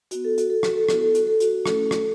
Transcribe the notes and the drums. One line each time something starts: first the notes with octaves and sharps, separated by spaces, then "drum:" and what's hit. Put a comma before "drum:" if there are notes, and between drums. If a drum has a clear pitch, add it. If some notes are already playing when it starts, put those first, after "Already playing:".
B3 F#4, drum: hi-hat
A4
F#4, drum: hi-hat
A4
F#4, drum: rim click
A4
B3 E4 F#4, drum: rim click
A4
F#4, drum: hi-hat
A4
F#4, drum: hi-hat
A3 C#4 E4 A4, drum: rim click
drum: rim click